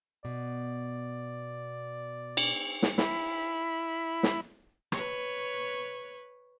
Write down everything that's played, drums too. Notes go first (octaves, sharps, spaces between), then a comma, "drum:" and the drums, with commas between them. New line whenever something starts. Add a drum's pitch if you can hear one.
B2 D5
drum: cymbal
drum: snare
E4 B5, drum: snare
drum: snare
B4 C#5, drum: rim click